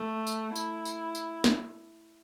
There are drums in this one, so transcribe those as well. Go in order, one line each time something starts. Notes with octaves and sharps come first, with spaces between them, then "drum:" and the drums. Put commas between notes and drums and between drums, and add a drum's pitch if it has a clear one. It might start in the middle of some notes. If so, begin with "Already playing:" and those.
Already playing: A3
drum: tambourine
E4, drum: tambourine
drum: tambourine
drum: tambourine
drum: snare